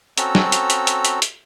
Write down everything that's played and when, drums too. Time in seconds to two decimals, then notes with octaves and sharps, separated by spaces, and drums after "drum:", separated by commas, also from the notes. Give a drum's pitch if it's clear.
0.18 C4 C#4 F#4 A4 A#5 E6, drum: hi-hat
0.35 drum: snare
0.52 drum: hi-hat
0.70 drum: hi-hat
0.87 drum: hi-hat
1.05 drum: hi-hat
1.22 drum: hi-hat